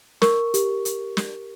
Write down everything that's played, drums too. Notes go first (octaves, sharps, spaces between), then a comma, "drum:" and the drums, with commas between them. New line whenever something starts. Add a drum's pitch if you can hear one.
A#4 C#6, drum: snare
G4, drum: hi-hat
drum: hi-hat
drum: snare